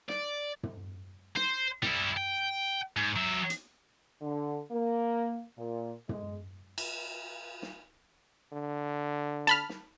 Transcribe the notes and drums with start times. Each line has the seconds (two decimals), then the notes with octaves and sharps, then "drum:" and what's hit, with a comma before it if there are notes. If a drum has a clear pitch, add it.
0.09 D5, drum: snare
0.63 drum: tom
1.36 C5, drum: snare
1.83 G3 E4, drum: tom
2.17 G5
2.96 G#2
3.16 F#3 E5
3.50 drum: hi-hat
4.22 D3
4.72 A#3
5.57 A#2
6.09 G#3, drum: tom
6.78 drum: cymbal
7.62 drum: snare
8.53 D3
9.47 A5 B5 F6, drum: hi-hat
9.69 drum: snare